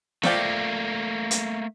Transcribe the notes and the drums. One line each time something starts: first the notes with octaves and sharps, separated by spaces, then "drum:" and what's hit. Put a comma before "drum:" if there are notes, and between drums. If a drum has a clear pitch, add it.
F3 A3 A#3 D5 G5, drum: snare
drum: hi-hat